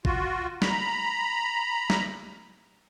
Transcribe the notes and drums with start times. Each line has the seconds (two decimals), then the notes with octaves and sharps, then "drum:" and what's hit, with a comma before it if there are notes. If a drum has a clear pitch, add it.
0.05 F4 F#4, drum: kick G#1
0.62 A#5 B5, drum: snare
1.90 drum: snare